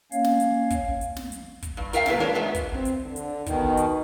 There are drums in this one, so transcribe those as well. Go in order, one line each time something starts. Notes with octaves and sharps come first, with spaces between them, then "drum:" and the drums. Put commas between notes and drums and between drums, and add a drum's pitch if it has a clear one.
A#3 C#4 C#5 F5, drum: hi-hat
drum: snare
drum: hi-hat
drum: kick, hi-hat
drum: hi-hat
drum: snare
drum: hi-hat
drum: kick, hi-hat
G2
F4 A#4 E5 F5 G5, drum: hi-hat
F#2 A2 C3 F3 A#3 B4, drum: snare
G#3 D4 F4 A#4 C#5
G#3 B3 E5
drum: kick, hi-hat
C4
drum: hi-hat
D3
drum: hi-hat
B2 D#3 D#4, drum: kick, hi-hat
drum: hi-hat